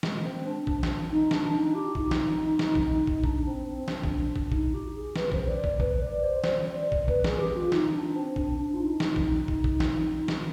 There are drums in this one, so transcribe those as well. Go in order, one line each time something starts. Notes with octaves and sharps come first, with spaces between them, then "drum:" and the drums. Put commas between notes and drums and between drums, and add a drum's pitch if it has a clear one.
G#3, drum: snare
C4
D4
drum: kick
drum: snare
D#4
D4, drum: snare
D#4
G4
D#4, drum: kick
drum: snare
drum: snare
drum: kick
drum: kick
D4, drum: kick
C4
C4
D4, drum: snare
drum: kick
drum: kick
D#4, drum: kick
G4
G#4
B4, drum: snare
C5, drum: kick
D5
drum: kick
B4, drum: kick
D5
C5
C5, drum: snare
D5
drum: kick
B4, drum: kick
G#4, drum: snare
G4
F4
D#4, drum: snare
D4
C4
D4, drum: kick
D4
F4
D#4
drum: snare
drum: kick
drum: kick
drum: kick
drum: snare
drum: snare